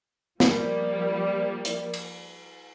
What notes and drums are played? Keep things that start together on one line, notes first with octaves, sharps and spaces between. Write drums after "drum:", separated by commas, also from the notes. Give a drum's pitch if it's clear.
F3 G3 A#3, drum: snare
drum: hi-hat
drum: cymbal